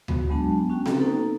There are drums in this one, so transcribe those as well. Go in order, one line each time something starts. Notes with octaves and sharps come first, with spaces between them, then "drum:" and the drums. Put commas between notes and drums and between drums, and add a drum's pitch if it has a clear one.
B3 F#4, drum: tom D2
F#3 G#3 B3 D4 A5
C#4 F#4 G5
C4 C#4 A4, drum: snare B3
A#3 D#4 A4